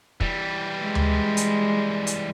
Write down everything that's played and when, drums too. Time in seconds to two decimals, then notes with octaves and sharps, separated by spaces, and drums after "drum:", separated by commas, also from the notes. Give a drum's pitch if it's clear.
0.21 E3 G3, drum: kick
0.83 G#3
0.95 drum: tom D2
1.37 drum: hi-hat
2.07 drum: hi-hat